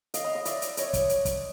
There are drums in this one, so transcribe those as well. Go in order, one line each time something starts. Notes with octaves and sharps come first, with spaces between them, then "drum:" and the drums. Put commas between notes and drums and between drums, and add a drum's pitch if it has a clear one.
D#5 F5, drum: hi-hat
D#5 F5
D#5 F5
D5 E5, drum: hi-hat
drum: hi-hat
C#5 D#5, drum: hi-hat
drum: kick, hi-hat
drum: hi-hat
drum: kick, hi-hat